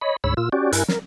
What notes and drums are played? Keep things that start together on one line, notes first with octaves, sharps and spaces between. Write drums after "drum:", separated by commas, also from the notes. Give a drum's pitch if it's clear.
C#5 D#5 B5
D2 G#2 C#5 B5 E6
A#2 F4 E6
C#4 F#4 G4 D5
G2 E4 A#4 G#5 F#6, drum: hi-hat
A#4, drum: snare